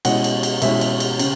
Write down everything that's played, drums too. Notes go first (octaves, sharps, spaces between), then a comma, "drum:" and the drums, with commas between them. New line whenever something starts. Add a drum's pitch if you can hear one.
B2 G#3 C#4 E4 D#5 F#5, drum: cymbal
drum: cymbal
drum: cymbal
B2 G#3 C#4 E4 E5, drum: cymbal
drum: cymbal
drum: cymbal
C#3, drum: cymbal